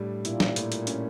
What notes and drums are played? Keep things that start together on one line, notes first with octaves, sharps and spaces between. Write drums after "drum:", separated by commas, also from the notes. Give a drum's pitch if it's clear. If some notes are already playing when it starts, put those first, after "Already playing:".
Already playing: A2 G3 D4
A#2 E4, drum: hi-hat
drum: snare
A2, drum: hi-hat
drum: hi-hat
C#4, drum: hi-hat